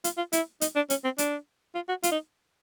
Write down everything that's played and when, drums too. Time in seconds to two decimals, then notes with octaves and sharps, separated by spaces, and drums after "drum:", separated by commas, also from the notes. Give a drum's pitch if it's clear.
0.04 F4, drum: hi-hat
0.17 F4
0.33 E4, drum: hi-hat
0.61 D#4, drum: hi-hat
0.76 D4
0.90 C#4, drum: hi-hat
1.04 C4
1.18 D4, drum: hi-hat
1.75 F4
1.89 F#4
2.03 F4, drum: hi-hat
2.12 D#4